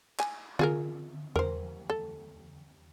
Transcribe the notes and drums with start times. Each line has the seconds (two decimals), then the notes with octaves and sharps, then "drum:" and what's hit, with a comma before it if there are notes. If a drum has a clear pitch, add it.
0.20 G#5, drum: clap
0.59 F4 G#4 A#4, drum: tom D3
1.36 A#4 C5, drum: tom E2
1.90 A4